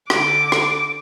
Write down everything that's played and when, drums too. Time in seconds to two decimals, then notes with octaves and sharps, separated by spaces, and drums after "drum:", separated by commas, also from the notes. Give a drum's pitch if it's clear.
0.10 D3 D6, drum: rim click
0.52 drum: rim click